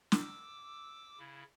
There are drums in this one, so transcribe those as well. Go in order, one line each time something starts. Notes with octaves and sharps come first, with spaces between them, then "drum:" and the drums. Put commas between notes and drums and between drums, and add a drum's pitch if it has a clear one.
D6 E6, drum: snare
C#3 E4